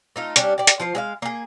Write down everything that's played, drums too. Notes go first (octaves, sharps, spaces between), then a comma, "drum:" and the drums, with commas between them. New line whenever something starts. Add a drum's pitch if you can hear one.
A3 D#4 F4
G3 C#4 D4, drum: hi-hat
G4 D5
drum: hi-hat
F3 F4 C5
G#3 D#5 F5
A#3 G#4